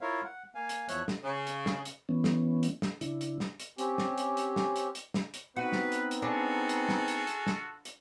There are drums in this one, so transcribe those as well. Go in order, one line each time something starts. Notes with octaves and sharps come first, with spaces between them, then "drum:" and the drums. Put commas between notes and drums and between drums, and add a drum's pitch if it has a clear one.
E4 F4 A#4 C#5 E5 F5
F#5
A#3 F5 G#5
drum: hi-hat
E2 F3 C#5 E5 F#6, drum: hi-hat
drum: snare
C#3
drum: hi-hat
drum: snare
drum: hi-hat
E3 B3 C#4
drum: snare
drum: hi-hat
drum: snare
C#3 D4 E4, drum: hi-hat
drum: hi-hat
drum: snare
drum: hi-hat
C4 C#4 G4, drum: hi-hat
drum: snare
drum: hi-hat
drum: hi-hat
drum: snare
drum: hi-hat
drum: hi-hat
drum: snare
drum: hi-hat
B3 C4 D#4 F#4 B4
drum: snare
drum: hi-hat
drum: hi-hat
D4 F4 F#4 G#4 A4
drum: hi-hat
drum: snare
drum: hi-hat
drum: hi-hat
drum: snare
drum: hi-hat